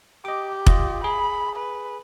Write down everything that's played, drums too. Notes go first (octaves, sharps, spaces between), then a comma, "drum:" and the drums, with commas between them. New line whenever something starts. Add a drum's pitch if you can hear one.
G4 D#5 D6
F4 D#5, drum: kick F1
G#4 B5
B4